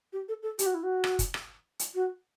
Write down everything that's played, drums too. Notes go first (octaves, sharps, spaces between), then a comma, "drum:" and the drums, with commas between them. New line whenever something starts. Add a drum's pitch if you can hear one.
G4
A4
A4
G4, drum: hi-hat
F#4
E4
F#4
drum: rim click
drum: kick, hi-hat
drum: rim click
drum: hi-hat
F#4